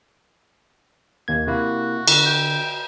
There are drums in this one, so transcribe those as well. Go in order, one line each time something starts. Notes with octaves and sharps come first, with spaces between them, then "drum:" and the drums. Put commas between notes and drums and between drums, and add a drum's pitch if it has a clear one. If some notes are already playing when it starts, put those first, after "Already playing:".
D#2 A#3 G#6
C3 A#3 E4 F#4
D3, drum: cymbal
G5